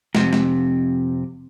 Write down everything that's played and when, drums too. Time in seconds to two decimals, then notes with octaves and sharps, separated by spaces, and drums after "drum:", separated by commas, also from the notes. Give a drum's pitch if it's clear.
0.15 F2 C3, drum: snare
0.33 drum: snare